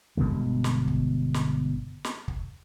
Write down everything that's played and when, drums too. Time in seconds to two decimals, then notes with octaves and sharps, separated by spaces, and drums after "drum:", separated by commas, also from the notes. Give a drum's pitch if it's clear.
0.17 G1 B2 D3 G#3
0.64 drum: snare
0.88 drum: kick
1.34 drum: snare
2.04 drum: snare
2.28 drum: kick